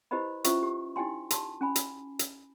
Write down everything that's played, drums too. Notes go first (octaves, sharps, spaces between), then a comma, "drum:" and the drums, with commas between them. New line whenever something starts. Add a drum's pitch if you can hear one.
E4 G4 B4 C5 D#5 B5
C#4 E4 F4 C5 E5 C#6, drum: hi-hat
G4
D#4 E4 G4 G5 G#5 C6
G4 A5 C6, drum: hi-hat
C#4 G#5 B5
drum: hi-hat
drum: hi-hat